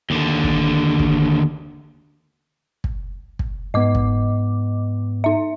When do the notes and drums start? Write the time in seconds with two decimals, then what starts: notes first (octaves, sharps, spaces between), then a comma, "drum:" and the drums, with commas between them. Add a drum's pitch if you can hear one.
0.10 D#2 D3
0.44 drum: kick
0.99 drum: kick
2.84 drum: kick
3.39 drum: kick
3.74 G#2 B3 D#5 D6
3.95 drum: kick
5.24 D#4 E5